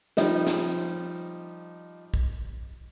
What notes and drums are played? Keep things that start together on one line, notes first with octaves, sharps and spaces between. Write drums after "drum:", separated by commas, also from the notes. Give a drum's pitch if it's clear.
F3 G3 D#4, drum: snare
drum: snare
drum: kick